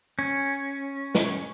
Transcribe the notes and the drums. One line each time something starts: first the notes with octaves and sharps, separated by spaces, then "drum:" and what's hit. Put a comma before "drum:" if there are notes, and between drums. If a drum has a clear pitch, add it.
C#4
drum: snare